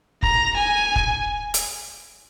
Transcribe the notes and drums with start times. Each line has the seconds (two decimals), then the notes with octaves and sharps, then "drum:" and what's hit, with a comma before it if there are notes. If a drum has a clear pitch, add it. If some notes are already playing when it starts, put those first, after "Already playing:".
0.23 A#5, drum: kick
0.57 G#5
0.96 drum: kick
1.54 drum: hi-hat